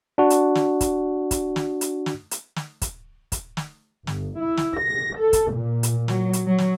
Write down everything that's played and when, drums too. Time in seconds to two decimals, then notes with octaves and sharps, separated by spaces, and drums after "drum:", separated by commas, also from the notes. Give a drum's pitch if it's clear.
0.18 D4 F#4
0.30 drum: hi-hat
0.55 drum: snare
0.81 drum: kick, hi-hat
1.31 drum: kick, hi-hat
1.56 drum: snare
1.81 drum: hi-hat
2.06 drum: snare
2.31 drum: hi-hat
2.56 drum: snare
2.82 drum: kick, hi-hat
3.32 drum: kick, hi-hat
3.57 drum: snare
4.07 G1, drum: snare
4.39 E4
4.57 drum: snare
4.79 A#6
5.16 A4
5.33 drum: kick, hi-hat
5.53 A#2
5.83 drum: hi-hat
6.08 F#3, drum: snare
6.33 drum: hi-hat
6.46 F#3
6.58 drum: snare